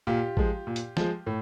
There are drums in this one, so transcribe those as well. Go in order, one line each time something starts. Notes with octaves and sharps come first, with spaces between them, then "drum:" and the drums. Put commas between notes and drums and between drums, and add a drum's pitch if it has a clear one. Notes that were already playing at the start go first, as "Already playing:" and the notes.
A#2 F4 G4
F3 G#3, drum: kick A1
A#2
drum: hi-hat
F3 G#3, drum: snare
A2